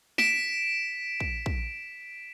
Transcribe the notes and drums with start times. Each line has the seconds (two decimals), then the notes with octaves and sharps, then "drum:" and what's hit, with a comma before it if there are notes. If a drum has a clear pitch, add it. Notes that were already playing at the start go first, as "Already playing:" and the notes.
0.18 B6 D7 E7, drum: snare
1.20 drum: kick
1.46 drum: kick